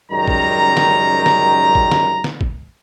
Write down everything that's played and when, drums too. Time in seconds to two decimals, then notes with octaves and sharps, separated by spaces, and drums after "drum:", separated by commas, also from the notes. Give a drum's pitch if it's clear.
0.11 C#2 F#2 D#3 G3 A#5
0.28 drum: kick
0.77 drum: snare
1.26 drum: snare
1.75 drum: kick
1.91 drum: snare
2.24 drum: snare
2.41 drum: kick